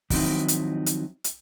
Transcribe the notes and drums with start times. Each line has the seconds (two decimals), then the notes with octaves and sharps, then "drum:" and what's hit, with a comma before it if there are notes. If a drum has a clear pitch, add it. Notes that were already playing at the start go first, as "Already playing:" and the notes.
0.10 D#3 F3 F#3 C4 D#4 E4, drum: kick, open hi-hat
0.48 drum: hi-hat
0.86 drum: hi-hat
1.24 drum: hi-hat